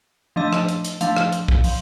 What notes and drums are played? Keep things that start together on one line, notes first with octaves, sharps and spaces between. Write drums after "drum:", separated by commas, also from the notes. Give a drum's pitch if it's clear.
F3 A3 D4 D#5
drum: rim click
drum: hi-hat
drum: hi-hat
F3 A3 D4 F5, drum: hi-hat
drum: rim click
drum: hi-hat
drum: kick B1
F3, drum: open hi-hat